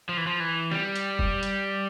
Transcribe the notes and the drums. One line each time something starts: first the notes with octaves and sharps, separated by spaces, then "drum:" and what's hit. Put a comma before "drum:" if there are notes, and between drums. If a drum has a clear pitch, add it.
F3
E3
F3
E3
G3, drum: snare
drum: hi-hat
drum: kick F#1
drum: hi-hat